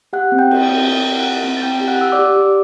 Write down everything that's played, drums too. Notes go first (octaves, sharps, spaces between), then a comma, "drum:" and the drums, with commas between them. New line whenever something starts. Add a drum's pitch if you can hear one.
G4 F#5 F#6
C4
G5 G6
G4, drum: cymbal
G5 G6
C4
C4 G5 G6
G4
F#5 F#6
C4
C4
A6
C4 G5 G6
G4
F#5 F#6
G4 E6
D5 D6
G4
G4